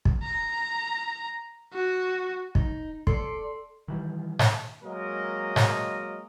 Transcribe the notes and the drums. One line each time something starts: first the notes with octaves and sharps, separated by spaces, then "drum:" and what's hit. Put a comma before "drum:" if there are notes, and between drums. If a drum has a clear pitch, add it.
drum: kick
A#5
F#4
D#4, drum: kick
A4 D5 C6, drum: kick
D#3 E3 G3
drum: snare G#2
F#3 G#3 A#3 A#4 D#5
drum: snare G#2